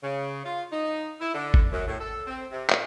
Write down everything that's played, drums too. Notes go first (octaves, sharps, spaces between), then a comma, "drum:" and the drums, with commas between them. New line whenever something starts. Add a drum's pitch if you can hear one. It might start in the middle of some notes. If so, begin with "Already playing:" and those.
C#3
F4
D#4
E4
D3
drum: kick G1
F#2
A2
A4
C4
C3
A#2, drum: clap